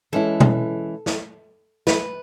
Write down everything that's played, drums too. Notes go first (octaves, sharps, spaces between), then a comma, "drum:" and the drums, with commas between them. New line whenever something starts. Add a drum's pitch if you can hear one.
E3 G#3 C#4 E4 A4
drum: tom B2
drum: snare
B4, drum: snare